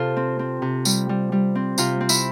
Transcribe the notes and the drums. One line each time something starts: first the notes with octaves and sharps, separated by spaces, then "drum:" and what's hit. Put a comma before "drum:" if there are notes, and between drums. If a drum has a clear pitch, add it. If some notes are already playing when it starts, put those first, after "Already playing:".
Already playing: C3 F4 A4
C4
C4
C3
G3, drum: tambourine
G3
G3
C4
C3 F4, drum: tambourine
C4
E4, drum: tambourine